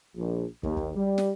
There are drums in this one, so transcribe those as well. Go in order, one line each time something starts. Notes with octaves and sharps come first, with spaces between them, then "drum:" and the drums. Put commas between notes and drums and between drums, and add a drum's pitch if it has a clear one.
A#1
D#2, drum: kick
drum: kick
G3
drum: snare